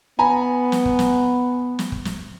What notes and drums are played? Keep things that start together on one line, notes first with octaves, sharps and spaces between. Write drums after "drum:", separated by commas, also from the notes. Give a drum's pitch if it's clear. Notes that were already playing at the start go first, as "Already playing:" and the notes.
B3 G#5 A#5 B5
drum: snare
drum: kick
drum: snare
drum: snare
drum: kick
drum: snare